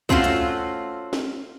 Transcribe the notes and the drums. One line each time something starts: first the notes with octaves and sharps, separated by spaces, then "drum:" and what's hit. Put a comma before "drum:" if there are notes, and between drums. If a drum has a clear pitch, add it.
A3 C4 C#4 F4 F#4, drum: kick
drum: hi-hat
drum: snare